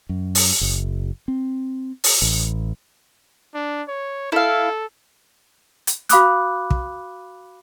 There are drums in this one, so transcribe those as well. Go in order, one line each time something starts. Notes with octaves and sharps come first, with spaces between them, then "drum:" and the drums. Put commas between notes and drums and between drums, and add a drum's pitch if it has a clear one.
F#2
drum: open hi-hat
F#1
C4
drum: open hi-hat
A1
D4
C#5
E4 A4 F5
drum: hi-hat
F#4 F5 B5 D6 D#6 F#6, drum: hi-hat
drum: kick